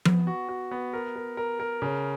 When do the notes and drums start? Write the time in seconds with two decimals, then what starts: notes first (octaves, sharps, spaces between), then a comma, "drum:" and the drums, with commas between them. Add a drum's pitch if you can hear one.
0.05 B3, drum: tom F3
0.27 F#4
0.49 F#4
0.71 B3
0.93 A#4
1.16 A#4
1.37 A#4
1.60 A#4
1.82 C#3